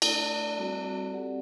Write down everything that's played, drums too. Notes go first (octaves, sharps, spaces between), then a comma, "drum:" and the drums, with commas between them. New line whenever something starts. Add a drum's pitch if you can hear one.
A3 D4 A4 D5, drum: cymbal
G3 C4 F#4 A4 D5
C4 G4 D5 F#5